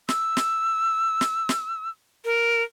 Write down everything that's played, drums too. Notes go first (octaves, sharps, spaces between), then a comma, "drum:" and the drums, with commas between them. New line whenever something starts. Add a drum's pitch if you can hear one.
E6, drum: snare
drum: snare
drum: snare
drum: snare
A#4